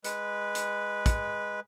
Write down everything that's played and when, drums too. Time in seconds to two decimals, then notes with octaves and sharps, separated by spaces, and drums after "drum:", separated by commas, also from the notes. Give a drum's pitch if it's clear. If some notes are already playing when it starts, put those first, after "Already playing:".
0.04 G#3 B4, drum: hi-hat
0.55 drum: hi-hat
1.06 drum: kick, hi-hat